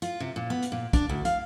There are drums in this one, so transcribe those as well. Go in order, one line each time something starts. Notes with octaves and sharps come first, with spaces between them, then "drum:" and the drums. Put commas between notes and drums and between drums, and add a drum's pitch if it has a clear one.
F4, drum: hi-hat
C3
A#2
B3
drum: hi-hat
A#2
D4, drum: kick, hi-hat
D2
F5, drum: hi-hat